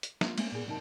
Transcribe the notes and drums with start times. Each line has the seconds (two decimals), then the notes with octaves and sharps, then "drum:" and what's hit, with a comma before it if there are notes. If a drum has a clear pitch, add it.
0.03 drum: hi-hat
0.21 A#3 F4, drum: snare
0.38 A3 A#3 C4 C#4 F5 G#5, drum: cymbal
0.52 A#2 B3 G#4
0.66 F#2 C3 B3 D#4 A#4 A5